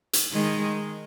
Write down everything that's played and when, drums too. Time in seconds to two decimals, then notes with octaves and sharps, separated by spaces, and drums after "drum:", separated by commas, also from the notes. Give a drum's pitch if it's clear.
0.13 drum: hi-hat
0.32 D#3 G#3